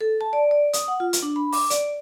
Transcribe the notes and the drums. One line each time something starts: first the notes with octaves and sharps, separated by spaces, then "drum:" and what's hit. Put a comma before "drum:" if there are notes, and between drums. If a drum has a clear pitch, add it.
A4
A5
D5
D5
D#6, drum: hi-hat
F#5
F4
drum: hi-hat
D4
B5
D6, drum: open hi-hat
D5, drum: hi-hat